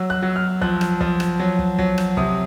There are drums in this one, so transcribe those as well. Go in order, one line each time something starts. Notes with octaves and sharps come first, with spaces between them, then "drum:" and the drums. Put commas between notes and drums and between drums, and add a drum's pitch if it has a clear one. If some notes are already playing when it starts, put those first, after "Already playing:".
Already playing: F#3 E6
F#6
F#3
F6
F3 F#6, drum: kick
drum: rim click
F3, drum: kick
drum: rim click
F#3
drum: kick
F#3, drum: kick
drum: rim click
C3 D#6, drum: kick